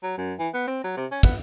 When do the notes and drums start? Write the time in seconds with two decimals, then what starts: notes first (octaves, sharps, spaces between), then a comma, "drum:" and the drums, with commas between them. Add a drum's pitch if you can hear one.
0.03 F#3
0.18 F#2
0.39 E3
0.54 B3
0.67 C4
0.84 F#3
0.97 C3
1.12 C#4
1.23 B3, drum: kick